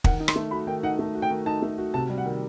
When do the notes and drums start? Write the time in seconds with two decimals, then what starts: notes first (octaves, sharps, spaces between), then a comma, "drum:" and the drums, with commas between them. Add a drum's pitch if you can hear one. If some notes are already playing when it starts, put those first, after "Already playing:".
0.04 D#3 F#5, drum: kick
0.20 D#4
0.28 C6, drum: rim click
0.36 A3
0.51 F#4 B5
0.67 D#3 G5
0.83 D#4 F#5
0.99 A3
1.15 F#4
1.22 G5
1.31 D#3
1.46 D#4 A5
1.62 A3
1.78 F#4
1.94 C3 A5
2.09 G3
2.18 F#5
2.25 D#3